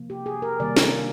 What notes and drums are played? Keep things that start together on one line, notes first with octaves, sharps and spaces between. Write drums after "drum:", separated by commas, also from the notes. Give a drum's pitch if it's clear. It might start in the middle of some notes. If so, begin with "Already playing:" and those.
Already playing: C3 F3 A#3
G4
G#4
A#4
C3 D#3 G3 A#3 D5
drum: snare